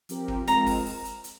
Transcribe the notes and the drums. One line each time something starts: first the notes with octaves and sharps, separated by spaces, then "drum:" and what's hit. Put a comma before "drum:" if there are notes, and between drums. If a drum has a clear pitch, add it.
F3 C4 G4 A#4, drum: hi-hat
drum: kick
G#3 C4 F4 A#4 A#5, drum: hi-hat
drum: kick, open hi-hat
drum: open hi-hat
drum: hi-hat
drum: hi-hat